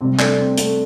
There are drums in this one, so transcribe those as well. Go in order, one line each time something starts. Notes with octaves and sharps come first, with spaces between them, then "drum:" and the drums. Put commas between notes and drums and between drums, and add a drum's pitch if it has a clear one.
C3 G3 C4
A3 D4, drum: clap
C4
A3, drum: hi-hat